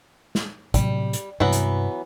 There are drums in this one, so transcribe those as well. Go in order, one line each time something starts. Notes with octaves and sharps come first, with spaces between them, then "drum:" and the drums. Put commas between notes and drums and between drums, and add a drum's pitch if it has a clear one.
drum: snare
A2 C3 F#3 G3, drum: kick, hi-hat
drum: hi-hat
G2 C3 E3 F#3 B3
drum: hi-hat